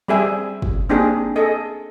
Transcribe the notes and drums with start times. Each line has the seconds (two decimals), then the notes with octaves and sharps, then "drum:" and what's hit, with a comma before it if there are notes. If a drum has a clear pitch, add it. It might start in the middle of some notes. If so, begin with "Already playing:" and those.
0.08 G3 C4 G4 G#4 E5 G#5
0.62 drum: kick
0.89 A#3 C4 D4 D#4 G4 G#4
1.36 G#4 A4 D#5